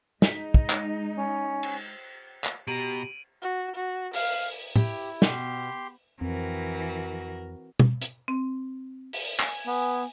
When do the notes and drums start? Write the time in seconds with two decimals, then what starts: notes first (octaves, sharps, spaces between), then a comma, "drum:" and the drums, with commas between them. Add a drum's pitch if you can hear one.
0.22 G#3 D#4 B6, drum: snare
0.54 D#5, drum: kick
0.70 drum: clap
1.15 C#4
1.63 drum: cymbal
2.44 drum: clap
2.68 B2 G4 A#5 D7 D#7 F#7
3.42 F#4
3.75 F#4
4.13 F5, drum: open hi-hat
4.76 E4 G4, drum: tom A2
5.22 B2 G4 C6, drum: snare
6.21 F2 E3 C4 F#4 A#4
7.80 drum: tom B2
8.02 drum: hi-hat
8.28 C4
9.13 drum: open hi-hat
9.40 G#5, drum: clap
9.67 B3